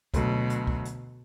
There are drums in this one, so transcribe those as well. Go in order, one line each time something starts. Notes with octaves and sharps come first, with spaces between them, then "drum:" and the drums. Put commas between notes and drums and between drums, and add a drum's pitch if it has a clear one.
D2 B2 D3 F#3, drum: kick, hi-hat
drum: hi-hat
drum: kick
drum: hi-hat